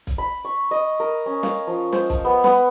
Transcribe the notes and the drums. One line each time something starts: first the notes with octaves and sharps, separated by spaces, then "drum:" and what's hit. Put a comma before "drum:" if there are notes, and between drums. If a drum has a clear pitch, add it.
drum: kick, hi-hat
B5
C#6
D#5
A#4
C#4
F5, drum: snare
F3
C5, drum: snare
F3, drum: kick, hi-hat
B3
B3, drum: snare